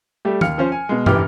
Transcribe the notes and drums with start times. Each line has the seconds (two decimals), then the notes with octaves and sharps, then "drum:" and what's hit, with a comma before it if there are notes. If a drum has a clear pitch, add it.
0.25 G3 A3 G4
0.41 D#2 F5 F6 C#7, drum: tom E3
0.58 F3 C#4 C5
0.72 G#5
0.89 B2 G#3
1.06 F1 A#1 E3 G4 D6 F6, drum: tom